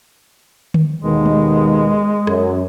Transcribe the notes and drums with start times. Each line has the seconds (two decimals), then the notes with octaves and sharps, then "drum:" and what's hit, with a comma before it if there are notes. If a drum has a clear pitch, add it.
0.74 drum: tom D3
1.03 D#2 B2 D#3 G#3
1.26 drum: tom G#3
2.27 F#2, drum: rim click